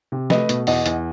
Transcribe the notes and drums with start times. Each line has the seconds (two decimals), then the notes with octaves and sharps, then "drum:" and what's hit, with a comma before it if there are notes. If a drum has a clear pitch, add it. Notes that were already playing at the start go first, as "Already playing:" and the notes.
0.12 C3
0.30 A3 B4 D#5, drum: snare
0.49 B2, drum: hi-hat
0.67 E2 D#5 F#5, drum: open hi-hat
0.86 E2, drum: hi-hat